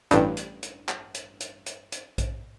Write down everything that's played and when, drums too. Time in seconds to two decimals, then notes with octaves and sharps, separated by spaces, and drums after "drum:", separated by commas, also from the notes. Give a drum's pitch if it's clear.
0.11 A1 G2, drum: hi-hat
0.37 drum: hi-hat
0.63 drum: hi-hat
0.89 drum: clap
1.15 drum: hi-hat
1.40 drum: hi-hat
1.66 drum: hi-hat
1.92 drum: hi-hat
2.18 drum: kick A#1, hi-hat